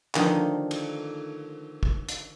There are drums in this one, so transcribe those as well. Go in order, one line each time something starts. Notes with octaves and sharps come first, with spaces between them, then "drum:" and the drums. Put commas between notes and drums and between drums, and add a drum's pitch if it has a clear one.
D3 D#3 F3 A3 D#4, drum: clap
drum: cymbal
drum: kick
drum: hi-hat